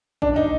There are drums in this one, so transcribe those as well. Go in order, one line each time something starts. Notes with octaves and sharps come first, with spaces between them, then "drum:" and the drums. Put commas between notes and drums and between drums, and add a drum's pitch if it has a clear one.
D4, drum: kick A1
D#4